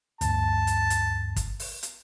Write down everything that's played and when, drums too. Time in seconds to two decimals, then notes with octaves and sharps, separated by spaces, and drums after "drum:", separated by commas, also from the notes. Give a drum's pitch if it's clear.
0.21 D2 G2 A5, drum: hi-hat
0.67 drum: hi-hat
0.90 drum: hi-hat
1.36 drum: kick, hi-hat
1.60 drum: open hi-hat
1.83 drum: hi-hat